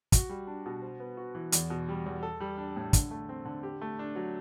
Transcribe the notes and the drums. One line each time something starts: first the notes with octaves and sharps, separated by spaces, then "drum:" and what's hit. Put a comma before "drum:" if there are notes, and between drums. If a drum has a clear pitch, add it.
F#4, drum: kick, hi-hat
G3
D4
B2
C5
B3
F#4
E3
E2, drum: hi-hat
B2
G3
E2
A4
G3
D4
A2
D3, drum: kick, hi-hat
A3
C4
D3
G4
A3
D4
F#3